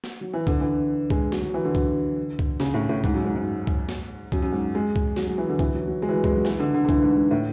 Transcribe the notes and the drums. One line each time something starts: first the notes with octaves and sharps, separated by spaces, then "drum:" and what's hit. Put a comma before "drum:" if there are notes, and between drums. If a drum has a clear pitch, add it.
drum: snare
F#3
E3
D3, drum: kick
E3
G#3, drum: kick
F#3, drum: snare
F#3
E3
D3
drum: kick
drum: kick
C#3, drum: snare
A2
A2
G#2, drum: kick
F#2
G#2
G#2
drum: kick
drum: snare
F#2, drum: kick
F#2
G#2
G#3
drum: kick
F#3, drum: snare
F#3
E3
D3
E3, drum: kick
F#3
F#3
G#3
E3
F#3
G#3, drum: kick
F#3
E3, drum: snare
D3
D3
D3
E3, drum: kick
G#2
G#2
A2